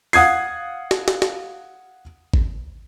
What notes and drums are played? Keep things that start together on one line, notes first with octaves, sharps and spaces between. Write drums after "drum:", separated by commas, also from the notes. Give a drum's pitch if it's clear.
F5 F#5 D#6 G#6 C7, drum: open hi-hat
drum: snare
drum: snare
drum: snare
drum: kick G#1